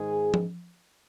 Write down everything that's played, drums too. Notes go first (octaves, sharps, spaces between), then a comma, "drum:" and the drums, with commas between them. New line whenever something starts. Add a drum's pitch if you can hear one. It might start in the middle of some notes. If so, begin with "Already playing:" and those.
Already playing: G#2 D#3 G#3 G#4
drum: tom F3